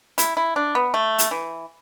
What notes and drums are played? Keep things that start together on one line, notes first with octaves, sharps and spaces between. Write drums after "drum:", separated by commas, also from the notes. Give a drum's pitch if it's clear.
E4, drum: hi-hat
E4
D4
B3
A3
drum: hi-hat
E3